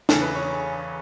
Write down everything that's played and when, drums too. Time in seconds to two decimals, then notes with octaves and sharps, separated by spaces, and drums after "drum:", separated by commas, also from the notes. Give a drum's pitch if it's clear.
0.09 E2 C#3 E3 A4, drum: snare
0.22 B4
0.35 C#5